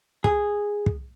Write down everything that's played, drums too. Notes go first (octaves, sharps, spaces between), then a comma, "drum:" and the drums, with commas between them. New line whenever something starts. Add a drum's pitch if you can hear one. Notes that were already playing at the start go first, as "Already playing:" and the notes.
G#4, drum: kick
drum: kick